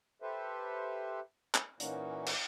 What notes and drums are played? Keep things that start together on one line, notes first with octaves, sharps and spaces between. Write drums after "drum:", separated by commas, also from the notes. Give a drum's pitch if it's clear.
G4 A4 B4 C5 E5
drum: clap
A#2 E3 A#3 C#4 D#4 F#4, drum: hi-hat
drum: cymbal